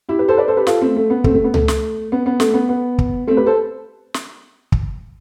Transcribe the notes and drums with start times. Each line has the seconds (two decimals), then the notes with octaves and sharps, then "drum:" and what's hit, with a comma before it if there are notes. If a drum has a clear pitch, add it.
0.09 E4 G4
0.19 G4 B4
0.28 A4 C5
0.37 B4 D5
0.48 A4 C5
0.57 G4 B4
0.67 F4 A4, drum: snare
0.81 A3 C4
0.96 A3
1.10 B3
1.24 A3 C4, drum: kick
1.34 A3
1.44 B3
1.54 A3, drum: tom C#2
1.68 drum: snare
2.12 B3
2.26 B3
2.40 A3, drum: snare
2.54 B3
2.69 B3
2.98 drum: kick
3.27 A3 C4
3.37 G4 B4
3.46 A4 C5
4.14 drum: snare
4.72 drum: kick